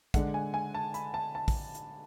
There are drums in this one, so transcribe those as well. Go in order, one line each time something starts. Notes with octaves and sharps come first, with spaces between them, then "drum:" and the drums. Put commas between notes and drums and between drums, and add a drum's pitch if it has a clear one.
D3 G#3 D4 F#5, drum: kick, hi-hat
G#5
G#5
A5
B5, drum: hi-hat
A5
A5
drum: kick, open hi-hat
drum: hi-hat